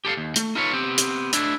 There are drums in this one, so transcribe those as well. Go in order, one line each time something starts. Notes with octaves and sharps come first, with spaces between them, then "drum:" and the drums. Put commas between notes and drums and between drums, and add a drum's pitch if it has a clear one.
G4 A4 C5 F5
D#2
A3, drum: hi-hat
D#4 F4 A4 B4 C#5
B3 C4 G4
drum: hi-hat
A3 D4 E4, drum: hi-hat